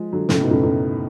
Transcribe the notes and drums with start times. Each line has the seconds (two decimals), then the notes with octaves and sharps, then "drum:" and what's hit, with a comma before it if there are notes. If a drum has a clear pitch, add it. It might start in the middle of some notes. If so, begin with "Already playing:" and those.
Already playing: F3 G#3
0.12 D3 F#3
0.29 A2 C#3, drum: snare
0.41 G#2 B2
0.51 F#2 A2
0.63 F#2 A2